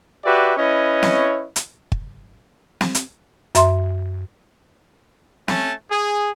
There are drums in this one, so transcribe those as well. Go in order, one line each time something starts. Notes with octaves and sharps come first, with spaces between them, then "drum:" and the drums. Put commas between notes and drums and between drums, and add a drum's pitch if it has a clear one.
F#4 G4 B4 D5 E5
C#4 E4 B4 C#5 D#5
drum: snare
drum: hi-hat
drum: kick
drum: snare
drum: hi-hat
F#2 E5 C6, drum: hi-hat
A3 C#4 A5, drum: snare
G#4